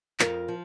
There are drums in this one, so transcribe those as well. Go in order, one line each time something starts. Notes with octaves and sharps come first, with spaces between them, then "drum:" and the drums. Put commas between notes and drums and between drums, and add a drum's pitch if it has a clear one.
F2 F4 A#4, drum: clap
F3